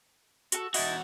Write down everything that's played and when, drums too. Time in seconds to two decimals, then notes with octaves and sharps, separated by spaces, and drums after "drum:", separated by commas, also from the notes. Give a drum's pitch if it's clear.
0.52 F#4 A4, drum: hi-hat
0.74 E2 D#4 E4 F#4 A5, drum: open hi-hat